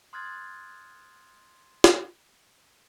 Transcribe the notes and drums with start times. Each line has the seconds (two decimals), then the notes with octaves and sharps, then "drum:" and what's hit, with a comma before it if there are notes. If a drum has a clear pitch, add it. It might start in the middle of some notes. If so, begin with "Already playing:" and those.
0.13 C6 D#6 F6 F#6 G#6 A6
1.84 drum: snare